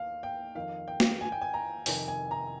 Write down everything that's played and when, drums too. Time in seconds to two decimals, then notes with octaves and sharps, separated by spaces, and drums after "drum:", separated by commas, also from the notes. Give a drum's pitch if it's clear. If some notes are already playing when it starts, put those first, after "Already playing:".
Already playing: D#2 F5
0.23 G5
0.55 F2 D#3 F5
0.88 G5
1.00 drum: snare
1.21 G#5
1.32 G5
1.41 G#5
1.54 A#5
1.86 F2 C3 D#3 G#5, drum: open hi-hat
2.08 G#5
2.31 A#5